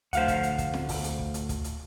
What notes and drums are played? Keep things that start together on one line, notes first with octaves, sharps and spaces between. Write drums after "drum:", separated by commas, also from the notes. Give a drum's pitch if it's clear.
D2 C5 F5 F#5, drum: hi-hat
drum: kick, hi-hat
drum: hi-hat
drum: kick, hi-hat
drum: snare
drum: kick, open hi-hat
drum: hi-hat
drum: kick
drum: hi-hat
drum: kick, hi-hat
drum: hi-hat